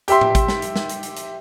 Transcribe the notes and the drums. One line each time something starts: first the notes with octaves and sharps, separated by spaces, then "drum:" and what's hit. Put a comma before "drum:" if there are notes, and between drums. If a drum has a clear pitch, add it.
G4 E5 C6, drum: hi-hat
drum: tom A2
drum: kick, hi-hat
drum: snare
drum: hi-hat
drum: snare
drum: hi-hat
drum: hi-hat
drum: hi-hat